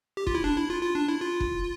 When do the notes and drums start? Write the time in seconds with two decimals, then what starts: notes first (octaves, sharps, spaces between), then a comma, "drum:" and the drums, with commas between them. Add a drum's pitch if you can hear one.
0.17 G4
0.27 F4, drum: kick
0.35 E4
0.44 D4
0.57 E4
0.70 F4
0.82 F4
0.95 D4
1.09 E4
1.21 F4
1.40 drum: kick